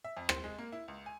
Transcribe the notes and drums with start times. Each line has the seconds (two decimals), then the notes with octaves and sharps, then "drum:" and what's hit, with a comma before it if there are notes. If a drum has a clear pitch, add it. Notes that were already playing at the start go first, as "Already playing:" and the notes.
0.04 E5
0.17 F2
0.29 C5, drum: rim click
0.44 G#3
0.58 A#3
0.72 E4
0.88 C#2
1.06 G#5